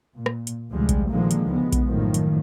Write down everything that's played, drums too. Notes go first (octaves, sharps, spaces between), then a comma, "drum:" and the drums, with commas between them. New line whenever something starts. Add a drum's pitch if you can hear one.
A#2
drum: rim click
drum: hi-hat
D2 C3 F3 G3 G#3
drum: kick A#1, hi-hat
A#2 D3 D#3 F3 G#3 A#3
drum: hi-hat
C#2 G#3 B3
drum: kick A#1, hi-hat
F#2 A2 D#3 F3
drum: hi-hat